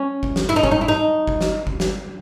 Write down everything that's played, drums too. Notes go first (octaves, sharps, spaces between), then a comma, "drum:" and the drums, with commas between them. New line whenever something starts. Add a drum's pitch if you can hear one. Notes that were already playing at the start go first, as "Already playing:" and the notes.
Already playing: C#4
drum: kick G1
drum: snare
E4
D#4
C#4, drum: kick G1
D#4
E4
D#4
drum: kick G1
drum: snare
drum: kick G1
drum: snare